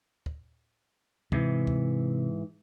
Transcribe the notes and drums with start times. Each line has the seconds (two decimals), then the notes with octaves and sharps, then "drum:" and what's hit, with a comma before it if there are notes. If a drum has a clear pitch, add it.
0.26 drum: kick
1.32 G#2 C3 E3, drum: kick
1.67 drum: kick